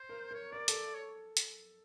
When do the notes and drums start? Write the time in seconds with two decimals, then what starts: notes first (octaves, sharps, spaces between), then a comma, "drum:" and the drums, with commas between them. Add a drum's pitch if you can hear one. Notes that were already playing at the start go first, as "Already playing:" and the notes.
Already playing: C5
0.09 A#4
0.31 A#4 C#5
0.52 A#4 D5
0.68 A4, drum: hi-hat
0.94 C#5
1.37 drum: hi-hat